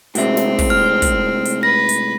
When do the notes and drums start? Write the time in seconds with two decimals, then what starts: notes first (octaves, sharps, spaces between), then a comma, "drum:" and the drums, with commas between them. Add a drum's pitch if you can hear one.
0.15 A2 C3 G#3 C4 F#4 E5, drum: hi-hat
0.37 drum: snare
0.59 drum: kick, open hi-hat
0.70 F6
1.02 drum: kick, hi-hat
1.45 drum: hi-hat
1.63 B4 A#6
1.89 drum: hi-hat